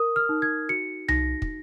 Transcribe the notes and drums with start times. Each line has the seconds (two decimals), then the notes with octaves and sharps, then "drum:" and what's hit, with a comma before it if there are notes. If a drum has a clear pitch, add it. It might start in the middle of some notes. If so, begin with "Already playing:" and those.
Already playing: A#4 D#6
0.16 F6
0.29 D#4
0.42 G#6
0.69 F#4 C#7
1.08 D#4 A#6, drum: tom C2
1.42 drum: kick